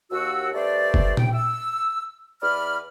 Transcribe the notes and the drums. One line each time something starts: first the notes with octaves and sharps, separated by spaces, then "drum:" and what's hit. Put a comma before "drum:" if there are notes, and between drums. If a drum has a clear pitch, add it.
D#2 F#4 E6
G2 A3 C5 D5
drum: kick F#1
G5, drum: tom A#2
E6
E2 D5 B5 F6